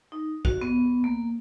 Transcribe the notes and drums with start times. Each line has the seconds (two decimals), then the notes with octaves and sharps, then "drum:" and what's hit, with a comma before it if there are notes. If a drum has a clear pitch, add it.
0.12 D#4
0.45 F#4, drum: kick
0.62 B3
1.04 A#3